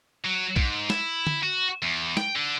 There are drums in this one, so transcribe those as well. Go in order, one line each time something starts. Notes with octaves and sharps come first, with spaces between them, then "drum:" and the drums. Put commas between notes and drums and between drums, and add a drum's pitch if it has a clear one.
F#3
G#2, drum: kick
E4, drum: snare
drum: tom
F#4
E2
G5, drum: snare
D3